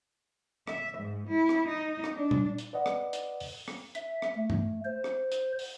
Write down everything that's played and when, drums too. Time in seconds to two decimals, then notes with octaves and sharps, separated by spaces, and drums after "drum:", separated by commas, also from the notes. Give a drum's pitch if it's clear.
0.67 E5, drum: rim click
0.98 G#2
1.28 E4
1.49 drum: rim click
1.68 D#4
2.04 drum: rim click
2.14 D4
2.31 drum: tom A#2
2.58 drum: hi-hat
2.73 B4 D5 D#5 F#5
2.86 drum: rim click
3.13 drum: hi-hat
3.40 drum: open hi-hat
3.68 drum: rim click
3.95 E5, drum: hi-hat
4.22 drum: rim click
4.35 A3
4.50 drum: tom G2
4.85 C5
5.04 drum: rim click
5.32 drum: hi-hat
5.59 drum: open hi-hat